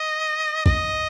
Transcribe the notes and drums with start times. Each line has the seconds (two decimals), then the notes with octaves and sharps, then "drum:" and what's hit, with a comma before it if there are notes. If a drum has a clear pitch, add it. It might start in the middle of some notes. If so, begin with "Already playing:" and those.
Already playing: D#5
0.66 D#5, drum: kick